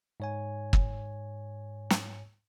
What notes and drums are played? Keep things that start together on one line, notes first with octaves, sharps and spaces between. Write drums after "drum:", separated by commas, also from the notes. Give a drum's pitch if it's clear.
G#2 C#5 G#5
drum: kick
drum: snare